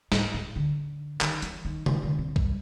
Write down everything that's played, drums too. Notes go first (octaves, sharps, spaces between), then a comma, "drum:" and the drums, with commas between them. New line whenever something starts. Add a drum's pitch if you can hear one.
A2, drum: snare
A2
D3
D#3, drum: clap
E3, drum: hi-hat
D#3
D#3, drum: tom C3
D3
C3
G2, drum: kick